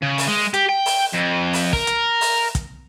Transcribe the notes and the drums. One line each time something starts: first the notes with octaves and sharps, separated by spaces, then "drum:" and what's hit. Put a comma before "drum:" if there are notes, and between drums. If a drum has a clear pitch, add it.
C#3
drum: open hi-hat
G#3
G4, drum: hi-hat
G5
drum: open hi-hat
F2
drum: open hi-hat
A#4, drum: kick
drum: hi-hat
drum: open hi-hat
drum: kick, hi-hat